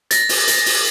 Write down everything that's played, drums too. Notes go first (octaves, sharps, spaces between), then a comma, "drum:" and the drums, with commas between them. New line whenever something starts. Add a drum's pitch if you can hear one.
A6 A#6, drum: hi-hat
drum: open hi-hat
drum: hi-hat
drum: open hi-hat